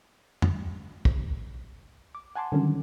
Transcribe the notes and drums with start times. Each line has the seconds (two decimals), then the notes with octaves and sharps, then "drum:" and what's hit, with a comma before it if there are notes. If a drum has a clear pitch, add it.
0.42 drum: tom F2
1.05 drum: kick
2.15 D6
2.35 F#5 G#5 A5 C6 D6
2.52 D3 D#3 F#3 G3 C#4